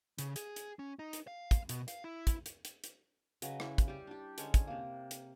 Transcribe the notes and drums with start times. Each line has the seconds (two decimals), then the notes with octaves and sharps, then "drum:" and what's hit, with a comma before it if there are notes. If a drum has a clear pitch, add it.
0.18 C#3, drum: hi-hat
0.36 G#4, drum: hi-hat
0.56 drum: hi-hat
0.79 C#4
0.99 D#4
1.13 drum: hi-hat
1.27 F5
1.51 drum: kick, hi-hat
1.69 B2, drum: hi-hat
1.88 F5, drum: hi-hat
2.04 E4
2.27 drum: kick, hi-hat
2.46 drum: hi-hat
2.65 drum: hi-hat
2.84 drum: hi-hat
3.42 C#3 F#3 B4 D#5, drum: hi-hat
3.60 E4, drum: rim click
3.78 drum: kick, hi-hat
3.88 G3 G4
4.07 D4 G4
4.38 D3 G#3 C#4 C#5, drum: hi-hat
4.54 drum: kick, hi-hat
4.67 C3 A#3
5.11 drum: hi-hat